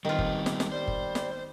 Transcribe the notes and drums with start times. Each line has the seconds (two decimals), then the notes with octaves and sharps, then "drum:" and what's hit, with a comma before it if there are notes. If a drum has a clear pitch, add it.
0.05 D#3 G3 B3 C4 F4
0.18 drum: kick F#1
0.46 drum: snare
0.60 drum: snare
0.72 G3 C5
0.88 drum: kick F#1
1.15 drum: snare